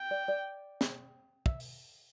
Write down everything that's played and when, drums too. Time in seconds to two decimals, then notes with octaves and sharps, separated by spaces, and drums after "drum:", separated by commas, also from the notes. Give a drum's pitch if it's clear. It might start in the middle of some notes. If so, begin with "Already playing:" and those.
Already playing: G5
0.11 D5
0.28 D5
0.81 drum: snare
1.46 E5, drum: kick
1.60 drum: open hi-hat